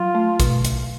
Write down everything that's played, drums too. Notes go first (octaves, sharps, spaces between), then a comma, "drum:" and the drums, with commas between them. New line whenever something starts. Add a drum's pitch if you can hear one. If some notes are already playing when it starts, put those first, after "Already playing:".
Already playing: F#3 F4
A3
B2, drum: kick, hi-hat
drum: hi-hat